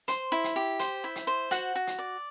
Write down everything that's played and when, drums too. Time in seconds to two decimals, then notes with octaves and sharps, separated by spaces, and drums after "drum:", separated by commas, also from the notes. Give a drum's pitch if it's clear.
0.08 C5 C6, drum: hi-hat
0.32 E4
0.44 drum: hi-hat
0.56 G4
0.79 C5, drum: hi-hat
1.04 E4
1.16 drum: hi-hat
1.27 C5
1.51 F#4 F#5, drum: hi-hat
1.76 F#4
1.87 drum: hi-hat
1.98 D5